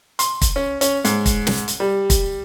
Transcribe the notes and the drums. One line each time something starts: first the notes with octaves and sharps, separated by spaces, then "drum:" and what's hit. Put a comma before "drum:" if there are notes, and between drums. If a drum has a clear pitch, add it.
C6, drum: hi-hat
drum: kick, hi-hat
C#4
C#4, drum: hi-hat
G#2, drum: hi-hat
drum: kick, hi-hat
drum: snare
drum: hi-hat
G3
drum: kick, hi-hat